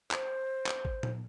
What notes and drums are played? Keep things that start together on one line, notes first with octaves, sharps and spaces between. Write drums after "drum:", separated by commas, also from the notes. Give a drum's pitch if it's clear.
C5, drum: clap
drum: clap
drum: kick A1
drum: tom A#2